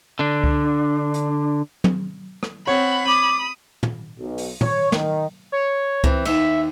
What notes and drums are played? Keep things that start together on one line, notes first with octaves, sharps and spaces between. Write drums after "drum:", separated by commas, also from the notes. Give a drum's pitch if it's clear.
D3 D4
drum: kick C#2
drum: hi-hat
drum: tom
drum: rim click
C4 C#5 F#5 B5
D6 D#6
drum: tom
B1
drum: open hi-hat
C#5, drum: tom
D#3, drum: snare
C#5
E3 C4, drum: kick C#2
D#2 E5, drum: cymbal